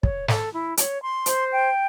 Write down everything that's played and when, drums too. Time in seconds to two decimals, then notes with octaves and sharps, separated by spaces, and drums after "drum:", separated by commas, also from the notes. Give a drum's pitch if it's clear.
0.03 C#5, drum: kick
0.28 A4, drum: snare
0.52 E4
0.77 C#5, drum: hi-hat
1.01 C6
1.26 C5, drum: hi-hat
1.50 G5